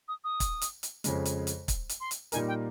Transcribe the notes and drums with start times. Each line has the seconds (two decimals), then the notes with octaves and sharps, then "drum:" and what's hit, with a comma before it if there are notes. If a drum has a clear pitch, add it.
0.08 D#6
0.24 D#6
0.40 drum: kick, hi-hat
0.62 drum: hi-hat
0.83 drum: hi-hat
1.04 F2 C#3 G#3, drum: hi-hat
1.25 drum: hi-hat
1.47 drum: hi-hat
1.68 drum: kick, hi-hat
1.89 drum: hi-hat
2.00 C6
2.11 drum: hi-hat
2.32 A#2 G3 A#3 D#4 A#4 G#5, drum: hi-hat
2.48 G5